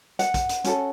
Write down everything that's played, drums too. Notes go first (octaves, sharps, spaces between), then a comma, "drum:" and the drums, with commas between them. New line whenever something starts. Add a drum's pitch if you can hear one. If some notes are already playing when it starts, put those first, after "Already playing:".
F#5, drum: hi-hat
drum: kick, hi-hat
drum: hi-hat
C#4 F#4 A4, drum: hi-hat